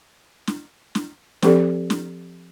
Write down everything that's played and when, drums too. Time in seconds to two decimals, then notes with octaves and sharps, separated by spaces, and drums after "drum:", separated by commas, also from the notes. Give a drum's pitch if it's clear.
0.47 drum: snare
0.95 drum: snare
1.42 F3 C4 G4 A4 D5, drum: snare
1.90 drum: snare